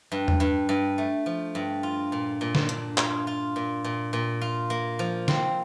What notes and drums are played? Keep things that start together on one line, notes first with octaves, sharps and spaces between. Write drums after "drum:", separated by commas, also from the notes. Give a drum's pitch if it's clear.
G2
drum: tom E2
G2
G2
A3
F3
G2
F4
A#2
A#2
drum: snare
D4, drum: hi-hat
F4, drum: clap
F4
A#2
A#2
A#2
F4
A#3
F3
C4, drum: snare